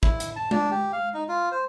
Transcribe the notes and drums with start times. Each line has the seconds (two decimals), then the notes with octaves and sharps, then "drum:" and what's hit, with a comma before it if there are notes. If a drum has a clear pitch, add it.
0.03 E4, drum: kick
0.20 drum: hi-hat
0.36 A5
0.51 D4, drum: tom G#3
0.71 G4
0.93 F5
1.14 D#4
1.29 F4
1.52 C5